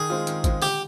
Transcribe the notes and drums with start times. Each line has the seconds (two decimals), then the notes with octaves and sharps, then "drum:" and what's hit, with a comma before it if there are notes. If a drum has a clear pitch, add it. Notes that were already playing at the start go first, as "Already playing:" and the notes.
Already playing: D#3 G#4
0.10 G#3 C4 F4
0.27 D#3, drum: hi-hat
0.44 G#3 C4 F4, drum: kick G#1, hi-hat
0.62 D3 G4, drum: open hi-hat